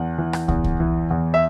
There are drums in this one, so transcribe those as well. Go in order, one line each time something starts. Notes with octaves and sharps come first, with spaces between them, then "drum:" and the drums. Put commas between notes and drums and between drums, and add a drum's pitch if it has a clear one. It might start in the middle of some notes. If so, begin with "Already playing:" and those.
Already playing: E2 F#5
E3
drum: rim click
E2, drum: kick
drum: kick
E3
E2
E5